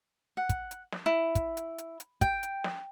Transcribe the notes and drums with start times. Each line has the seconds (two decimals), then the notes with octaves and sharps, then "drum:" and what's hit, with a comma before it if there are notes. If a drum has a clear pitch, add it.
0.37 F#5
0.49 drum: kick, hi-hat
0.71 drum: hi-hat
0.92 drum: snare
1.06 E4
1.35 drum: kick, hi-hat
1.57 drum: hi-hat
1.78 drum: hi-hat
2.00 drum: hi-hat
2.21 G5, drum: kick, hi-hat
2.43 drum: hi-hat
2.64 drum: snare